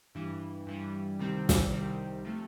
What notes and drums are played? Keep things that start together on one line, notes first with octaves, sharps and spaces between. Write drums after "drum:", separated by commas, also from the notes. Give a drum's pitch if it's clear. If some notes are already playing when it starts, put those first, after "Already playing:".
G2 E3 G3
G2 E3 G3
C2 C3 D#3 G3 C4
drum: snare
C2 C3 D#3 G3 C4
C3 F3 A3